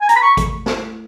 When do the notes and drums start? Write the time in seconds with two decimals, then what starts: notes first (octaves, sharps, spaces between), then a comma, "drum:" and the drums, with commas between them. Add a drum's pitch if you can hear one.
0.01 G#5
0.09 A#5, drum: hi-hat
0.16 B5
0.22 C#6
0.37 drum: kick G#1, hi-hat
0.66 drum: snare